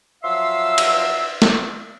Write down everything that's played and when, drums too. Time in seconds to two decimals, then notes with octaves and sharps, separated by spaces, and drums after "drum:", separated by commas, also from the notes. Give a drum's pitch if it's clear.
0.24 F3 F#3 E5 F5 C6 E6
0.78 drum: cymbal
1.42 drum: snare